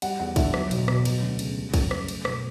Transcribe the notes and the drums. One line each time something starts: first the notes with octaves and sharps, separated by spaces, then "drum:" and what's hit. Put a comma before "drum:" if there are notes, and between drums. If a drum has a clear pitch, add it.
G3 F#5, drum: cymbal
E2 F#5
D3 E5, drum: kick, cymbal
F#3, drum: rim click
B1, drum: cymbal
B2, drum: rim click
F#3, drum: cymbal
D2
C#3, drum: cymbal
G3
F#2, drum: kick, cymbal
C#3, drum: rim click
A3, drum: cymbal
B1, drum: rim click